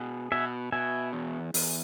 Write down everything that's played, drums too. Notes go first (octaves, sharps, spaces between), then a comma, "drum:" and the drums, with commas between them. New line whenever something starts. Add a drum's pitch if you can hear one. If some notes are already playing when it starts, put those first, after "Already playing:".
Already playing: B2 G#4
B2 E5 G#5
B2 E5 G#5
E2
E2, drum: open hi-hat